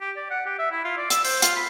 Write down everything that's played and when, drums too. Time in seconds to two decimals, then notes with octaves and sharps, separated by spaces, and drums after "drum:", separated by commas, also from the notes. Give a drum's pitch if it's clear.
0.01 G4
0.17 D5
0.31 F#5
0.46 G4
0.59 E5
0.71 E4
0.85 F4
0.97 D5
1.10 E6, drum: hi-hat
1.25 C5, drum: open hi-hat
1.42 F4, drum: hi-hat
1.56 B5